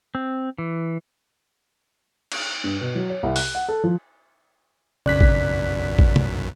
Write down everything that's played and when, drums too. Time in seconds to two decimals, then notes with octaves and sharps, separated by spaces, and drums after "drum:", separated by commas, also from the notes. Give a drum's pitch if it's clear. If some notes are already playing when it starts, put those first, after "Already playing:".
0.15 C4
0.58 E3
2.32 drum: cymbal
2.64 G2
2.81 B2
2.95 F#3
3.10 C#5
3.23 C2
3.36 F#6, drum: open hi-hat
3.55 F#5
3.68 A4
3.84 F3
5.06 B1 F#2 C#3 D5 F#6 B6
5.21 drum: kick A1
5.99 drum: kick A1
6.16 drum: tom